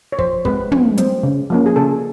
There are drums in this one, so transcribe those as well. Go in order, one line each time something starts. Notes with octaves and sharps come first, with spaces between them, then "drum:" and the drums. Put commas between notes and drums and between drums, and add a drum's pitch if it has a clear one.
C#5
F3 C5, drum: kick
G#3 C4 B4, drum: kick
F3, drum: tom
G#3 C4, drum: hi-hat
C#3
F3 A#3 C#4
G#4
C#3 A4